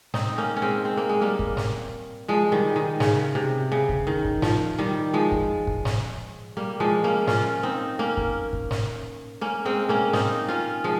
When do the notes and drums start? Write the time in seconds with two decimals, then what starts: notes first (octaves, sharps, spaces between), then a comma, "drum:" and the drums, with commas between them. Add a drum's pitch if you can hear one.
0.14 C4 D#4, drum: snare
0.38 A#3 C#4
0.56 C#4
0.62 G#3 C4
0.85 C4
0.97 A#3
1.09 G#3
1.21 G3 A#3
1.39 drum: kick
1.57 drum: snare
2.28 F3 G#3
2.52 D#3 G3
2.76 D#3
3.00 C#3, drum: snare
3.35 C3
3.72 C#3
3.89 drum: kick
4.07 D#3
4.25 drum: kick
4.42 F3, drum: snare
4.79 D#3 G3
5.14 F3 G#3
5.32 drum: kick
5.67 drum: kick
5.85 drum: snare
6.57 G3 A#3
6.80 F3 G#3
7.04 A#3 C#4
7.27 C#4 F4, drum: snare
7.63 C4 D#4
7.99 A#3 C#4
8.17 drum: kick
8.53 drum: kick
8.71 drum: snare
9.41 A#3 C#4
9.65 G#3 C4
9.89 A#3 C#4
10.13 C4 D#4, drum: snare
10.48 C#4 F4
10.84 F3 G#3